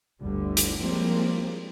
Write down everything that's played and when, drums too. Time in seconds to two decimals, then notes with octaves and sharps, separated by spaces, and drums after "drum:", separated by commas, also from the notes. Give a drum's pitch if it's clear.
0.19 G1 D2 D3 G3
0.57 drum: hi-hat
0.80 F3 G3 G#3 A#3 C4